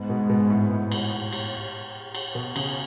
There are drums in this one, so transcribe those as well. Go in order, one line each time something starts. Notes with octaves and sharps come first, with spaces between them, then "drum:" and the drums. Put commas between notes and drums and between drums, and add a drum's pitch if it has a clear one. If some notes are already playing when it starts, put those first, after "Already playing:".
Already playing: G#2 G#3 B3
B2
B2
A2
A2
drum: cymbal
drum: cymbal
drum: cymbal
B2
C#3, drum: cymbal